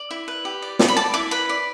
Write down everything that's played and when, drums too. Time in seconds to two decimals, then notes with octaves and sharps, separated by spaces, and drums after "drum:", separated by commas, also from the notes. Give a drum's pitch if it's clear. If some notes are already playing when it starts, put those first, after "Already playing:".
Already playing: D5
0.11 E4
0.28 B4
0.45 G4
0.62 D5
0.79 D5, drum: snare
0.88 B5
0.97 D5 A5
1.14 E4 D6
1.31 B4 B5
1.49 D5